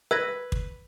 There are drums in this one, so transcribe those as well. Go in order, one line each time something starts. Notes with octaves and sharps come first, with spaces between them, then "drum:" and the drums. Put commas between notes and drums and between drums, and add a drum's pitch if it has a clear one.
B4 E6 G#6 A#6
drum: kick